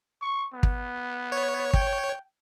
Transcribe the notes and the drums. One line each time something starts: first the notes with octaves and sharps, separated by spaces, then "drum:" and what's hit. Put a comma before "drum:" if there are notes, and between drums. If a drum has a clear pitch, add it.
C#6
B3
drum: kick
C#5
G5, drum: kick